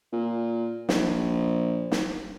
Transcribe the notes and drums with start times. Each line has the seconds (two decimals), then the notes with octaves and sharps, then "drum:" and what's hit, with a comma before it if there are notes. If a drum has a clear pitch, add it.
0.13 A#2
0.89 A#1, drum: snare
1.92 drum: snare